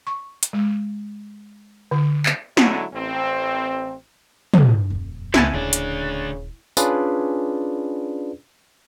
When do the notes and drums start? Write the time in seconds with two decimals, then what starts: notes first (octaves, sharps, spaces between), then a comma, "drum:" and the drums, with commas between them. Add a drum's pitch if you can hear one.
0.07 C#6
0.43 drum: hi-hat
0.53 G#3
1.91 D3
2.26 drum: clap
2.57 D3 F#3 G#3 A3 E4, drum: snare
2.94 A1 C4
4.54 drum: tom
4.90 D#1 F2
5.34 C#2 C3 B3 E4 G#5 A5, drum: snare
5.54 D#1 D2 C#3 D4
5.73 drum: hi-hat
6.77 C#4 D4 F4 G#4 B4 D5, drum: tambourine